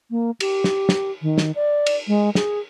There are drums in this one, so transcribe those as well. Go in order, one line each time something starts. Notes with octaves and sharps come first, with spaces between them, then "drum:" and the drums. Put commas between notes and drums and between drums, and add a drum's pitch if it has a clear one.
A#3
G4, drum: cymbal
drum: snare
drum: snare
D#3
drum: snare
D5
drum: cymbal
G#3
G#4, drum: snare